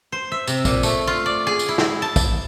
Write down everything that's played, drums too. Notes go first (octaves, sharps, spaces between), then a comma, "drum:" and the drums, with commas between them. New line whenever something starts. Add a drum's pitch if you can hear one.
C5
E5
C3, drum: tambourine
A#2, drum: kick, tambourine
A3, drum: tambourine
F4
D5
G#4
drum: tambourine
E4
drum: snare
A5
drum: kick, tambourine